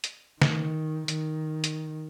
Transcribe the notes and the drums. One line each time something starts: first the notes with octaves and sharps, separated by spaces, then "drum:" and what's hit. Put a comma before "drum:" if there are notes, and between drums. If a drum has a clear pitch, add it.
drum: hi-hat
D#3, drum: snare
D#3, drum: hi-hat
drum: hi-hat